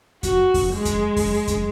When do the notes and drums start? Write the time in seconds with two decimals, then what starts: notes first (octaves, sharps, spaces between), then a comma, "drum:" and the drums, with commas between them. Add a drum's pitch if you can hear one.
0.23 F#4, drum: kick F2, hi-hat
0.54 drum: kick F2, open hi-hat
0.74 G#3
0.85 drum: kick F2, hi-hat
1.16 drum: kick F2, open hi-hat
1.48 drum: kick F2, hi-hat